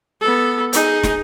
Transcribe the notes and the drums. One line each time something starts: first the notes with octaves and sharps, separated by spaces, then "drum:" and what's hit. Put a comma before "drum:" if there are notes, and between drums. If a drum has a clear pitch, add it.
B3 A4
D#4 G#4, drum: hi-hat
drum: snare